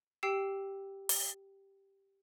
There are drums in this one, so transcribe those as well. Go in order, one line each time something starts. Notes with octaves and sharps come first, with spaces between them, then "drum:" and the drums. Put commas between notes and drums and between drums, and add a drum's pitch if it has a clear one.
G4 G5 E6 C7
drum: open hi-hat